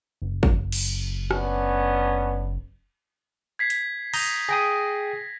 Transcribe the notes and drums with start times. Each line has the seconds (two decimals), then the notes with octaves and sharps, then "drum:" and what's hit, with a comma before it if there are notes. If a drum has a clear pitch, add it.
0.22 F#1
0.43 drum: kick
0.72 drum: cymbal
1.31 B3 C#4 D4, drum: rim click
3.59 G#6 B6 C7
3.70 drum: hi-hat
4.13 A#5 D#6 G6, drum: cymbal
4.49 G#4 G5 D#6 A#6